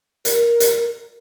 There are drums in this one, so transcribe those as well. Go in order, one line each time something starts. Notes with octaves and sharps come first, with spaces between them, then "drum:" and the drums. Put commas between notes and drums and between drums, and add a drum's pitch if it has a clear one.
A#4, drum: hi-hat
drum: hi-hat